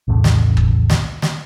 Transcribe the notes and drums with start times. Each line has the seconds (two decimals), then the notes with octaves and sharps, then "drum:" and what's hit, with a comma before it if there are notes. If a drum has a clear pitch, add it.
0.08 B1 E2 A2 C#3
0.24 drum: snare
0.57 drum: kick
0.90 drum: snare
1.22 drum: snare